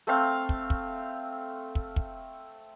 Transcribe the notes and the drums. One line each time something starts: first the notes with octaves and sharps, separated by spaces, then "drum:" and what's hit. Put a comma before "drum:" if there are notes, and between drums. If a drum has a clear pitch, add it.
A3 C4 F5
drum: kick
drum: kick
drum: kick
drum: kick